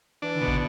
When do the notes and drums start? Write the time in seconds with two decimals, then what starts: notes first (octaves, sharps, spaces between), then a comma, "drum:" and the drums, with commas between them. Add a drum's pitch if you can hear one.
0.22 E3 D4
0.35 D3
0.41 B2
0.48 C3, drum: kick